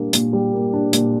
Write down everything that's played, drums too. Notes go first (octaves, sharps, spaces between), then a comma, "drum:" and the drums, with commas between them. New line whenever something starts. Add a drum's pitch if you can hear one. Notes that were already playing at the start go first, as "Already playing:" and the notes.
Already playing: A#2 G3 A#3 D4
A#2, drum: hi-hat
G3
A#3
D4
A#2, drum: hi-hat